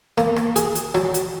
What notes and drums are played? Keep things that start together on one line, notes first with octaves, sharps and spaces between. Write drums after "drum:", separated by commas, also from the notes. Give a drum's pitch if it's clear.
A#3, drum: rim click
drum: rim click
G#4, drum: hi-hat
drum: hi-hat
F#3, drum: rim click
drum: hi-hat